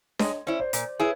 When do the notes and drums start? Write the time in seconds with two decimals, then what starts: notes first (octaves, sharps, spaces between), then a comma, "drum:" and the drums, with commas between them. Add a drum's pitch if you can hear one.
0.19 G#3 C#5 D#5, drum: snare D4
0.47 C#4 E4 C5 D5
0.60 C5 D5
0.73 A#2 C5 D5, drum: hi-hat
1.00 E4 G#4 B4 C#5